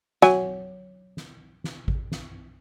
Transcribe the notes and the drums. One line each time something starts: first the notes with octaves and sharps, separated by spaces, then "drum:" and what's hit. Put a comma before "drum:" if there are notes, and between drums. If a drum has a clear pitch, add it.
F#3 G#5, drum: snare
drum: snare
drum: snare
drum: kick G#1
drum: snare